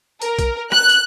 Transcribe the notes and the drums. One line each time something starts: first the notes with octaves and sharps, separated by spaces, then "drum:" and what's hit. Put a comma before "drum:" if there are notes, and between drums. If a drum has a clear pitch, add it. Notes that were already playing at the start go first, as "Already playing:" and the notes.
A#4, drum: hi-hat
drum: kick B1, hi-hat
F#6, drum: rim click
drum: hi-hat